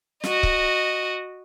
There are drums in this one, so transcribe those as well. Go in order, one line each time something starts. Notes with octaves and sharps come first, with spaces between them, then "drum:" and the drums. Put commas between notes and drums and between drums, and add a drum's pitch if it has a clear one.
F#4 D#5, drum: snare
drum: kick C#1